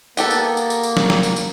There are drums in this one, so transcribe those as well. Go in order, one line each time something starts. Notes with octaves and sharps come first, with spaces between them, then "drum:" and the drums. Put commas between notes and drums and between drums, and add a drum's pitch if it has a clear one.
A#3 B3 G4 A4, drum: tambourine
drum: tambourine
drum: tambourine
drum: tambourine
drum: tambourine
drum: snare
drum: snare
drum: tambourine
drum: tambourine